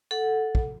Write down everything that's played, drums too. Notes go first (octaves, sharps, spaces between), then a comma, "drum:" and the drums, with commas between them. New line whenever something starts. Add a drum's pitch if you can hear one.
A4 F#5
drum: kick